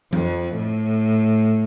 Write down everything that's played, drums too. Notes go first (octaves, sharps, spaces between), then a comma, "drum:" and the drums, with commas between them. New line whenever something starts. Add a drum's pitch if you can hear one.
F2, drum: tom F3
A2